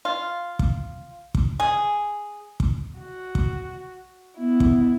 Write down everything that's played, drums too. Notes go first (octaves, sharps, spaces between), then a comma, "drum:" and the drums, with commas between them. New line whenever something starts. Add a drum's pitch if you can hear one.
F4
drum: kick
drum: kick
G#4
drum: kick
F#4
drum: kick
B3 E4
drum: kick